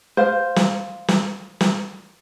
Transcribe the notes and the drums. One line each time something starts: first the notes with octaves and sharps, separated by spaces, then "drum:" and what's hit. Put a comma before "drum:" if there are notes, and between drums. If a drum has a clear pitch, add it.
C5 F5
drum: snare
drum: snare
drum: snare